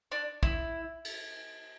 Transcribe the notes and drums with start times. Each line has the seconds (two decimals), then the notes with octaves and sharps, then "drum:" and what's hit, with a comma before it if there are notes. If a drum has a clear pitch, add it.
0.12 D4
0.43 E4, drum: kick
1.05 drum: cymbal